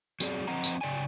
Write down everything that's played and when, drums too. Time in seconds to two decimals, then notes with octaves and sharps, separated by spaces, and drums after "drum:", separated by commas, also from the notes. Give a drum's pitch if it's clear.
0.20 F#3 C4 G#4 D5, drum: tambourine
0.48 F3 C4 C5 D#5 F#5 A#5
0.64 drum: tambourine
0.81 C#3 D5 G5 G#5